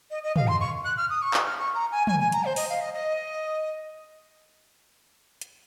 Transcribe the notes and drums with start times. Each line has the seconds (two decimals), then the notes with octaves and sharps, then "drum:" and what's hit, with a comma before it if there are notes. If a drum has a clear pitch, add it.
0.10 D#5
0.23 D#5
0.36 F5, drum: tom
0.47 C6
0.60 C#6
0.84 F#6
0.97 F6
1.10 D#6
1.22 C#6
1.34 D#6, drum: clap
1.46 F6
1.58 C#6
1.74 A#5
1.91 G#5
2.07 G#5, drum: tom
2.19 G#5
2.32 A#5, drum: hi-hat
2.44 C5
2.56 D#5, drum: open hi-hat
2.69 F5
2.80 D#5
2.93 D#5
5.41 drum: hi-hat